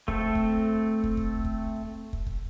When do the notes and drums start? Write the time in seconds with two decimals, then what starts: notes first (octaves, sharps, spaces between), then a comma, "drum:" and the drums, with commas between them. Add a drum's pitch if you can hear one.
0.08 A3 C4 A4, drum: kick
0.35 drum: kick
1.04 drum: kick
1.17 drum: kick
1.45 drum: kick
2.13 drum: kick
2.27 drum: kick